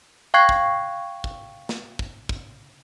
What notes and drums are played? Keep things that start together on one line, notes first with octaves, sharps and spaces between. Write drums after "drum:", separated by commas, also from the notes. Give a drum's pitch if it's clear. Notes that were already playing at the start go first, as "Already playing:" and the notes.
F5 G5 C#6 F#6 G#6 C7
drum: kick
drum: kick
drum: snare
drum: kick
drum: kick